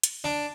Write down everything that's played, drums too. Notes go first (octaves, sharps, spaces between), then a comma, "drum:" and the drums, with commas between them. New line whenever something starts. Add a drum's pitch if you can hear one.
drum: hi-hat
D4